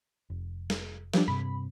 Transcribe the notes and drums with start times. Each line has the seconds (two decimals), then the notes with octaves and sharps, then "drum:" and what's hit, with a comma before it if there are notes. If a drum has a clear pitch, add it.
0.30 F1
0.70 drum: snare
1.13 F3 G3 D4, drum: snare
1.28 G2 C3 B5